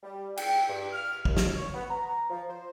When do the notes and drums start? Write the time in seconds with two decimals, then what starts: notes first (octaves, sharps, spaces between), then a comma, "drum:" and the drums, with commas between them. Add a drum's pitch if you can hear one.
0.03 G3
0.37 G5, drum: cymbal
0.69 G2
0.93 F6
1.25 D#2, drum: kick
1.37 drum: snare
1.56 C#5
1.74 B3
1.91 A#5
2.30 F3
2.49 C5